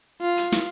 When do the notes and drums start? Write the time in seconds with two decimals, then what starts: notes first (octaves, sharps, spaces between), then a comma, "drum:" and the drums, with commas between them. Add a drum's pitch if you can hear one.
0.21 F4
0.37 drum: hi-hat
0.52 drum: snare